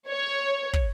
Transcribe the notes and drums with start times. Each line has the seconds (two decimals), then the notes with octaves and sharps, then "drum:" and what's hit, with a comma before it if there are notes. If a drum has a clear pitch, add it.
0.09 C#5
0.73 drum: kick